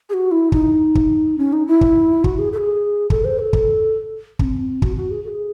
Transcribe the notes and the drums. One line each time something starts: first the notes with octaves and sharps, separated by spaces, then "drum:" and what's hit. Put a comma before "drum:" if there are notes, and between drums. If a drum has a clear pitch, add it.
G#4
F#4
E4
D#4, drum: kick
drum: kick
C#4
D#4
E4
drum: kick
F#4, drum: kick
G#4
A4
G#4
A4, drum: kick
C5
A4
drum: kick
C#4, drum: kick
C4
F#4, drum: kick
F#4
G#4
A4
G#4